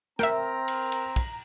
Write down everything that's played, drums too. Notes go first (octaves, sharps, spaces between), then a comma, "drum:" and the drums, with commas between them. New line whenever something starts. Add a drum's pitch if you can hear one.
C4 A#4 E5 G5 A#5, drum: snare
drum: cymbal
drum: cymbal
drum: kick, cymbal